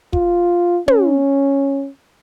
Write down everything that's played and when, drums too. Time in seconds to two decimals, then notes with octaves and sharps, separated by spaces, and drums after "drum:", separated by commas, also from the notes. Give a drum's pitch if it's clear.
0.13 F4, drum: kick
0.88 C#4, drum: tom